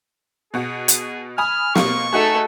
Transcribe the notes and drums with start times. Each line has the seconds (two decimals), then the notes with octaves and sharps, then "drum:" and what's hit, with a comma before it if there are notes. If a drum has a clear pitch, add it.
0.54 B2 F#4 G#4
0.88 drum: hi-hat
1.38 G#5 B5 D#6 F6
1.75 B2 A#3 F4 C#6, drum: snare
2.13 A3 D#4 F#4 G#4 A4